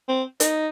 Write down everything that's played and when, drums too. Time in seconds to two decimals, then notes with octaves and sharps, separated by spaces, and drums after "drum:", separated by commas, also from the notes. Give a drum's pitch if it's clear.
0.08 C4
0.40 D#4, drum: hi-hat